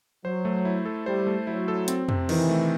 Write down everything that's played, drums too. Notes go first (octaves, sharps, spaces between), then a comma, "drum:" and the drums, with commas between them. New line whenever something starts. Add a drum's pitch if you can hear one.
F#3 C5
A3
E4
A4
G3 C5
A3
F#3 E4
A4
C4, drum: hi-hat
C3, drum: tom F2
D#3 E3, drum: cymbal
A3